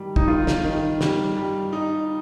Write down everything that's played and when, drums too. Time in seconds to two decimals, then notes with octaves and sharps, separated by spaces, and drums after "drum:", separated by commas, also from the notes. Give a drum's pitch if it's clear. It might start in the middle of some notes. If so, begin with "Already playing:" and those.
Already playing: D#3 G3
0.16 D#4, drum: kick
0.28 D#3 F4
0.47 drum: snare
0.65 D#3
1.01 G3, drum: snare
1.37 G3
1.73 D#4